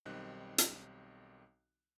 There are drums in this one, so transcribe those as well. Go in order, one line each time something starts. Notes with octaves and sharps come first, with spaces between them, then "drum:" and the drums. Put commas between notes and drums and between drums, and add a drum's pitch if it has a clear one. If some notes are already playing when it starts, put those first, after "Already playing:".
B1 D#3 G3 C4 D#5 F#6
drum: hi-hat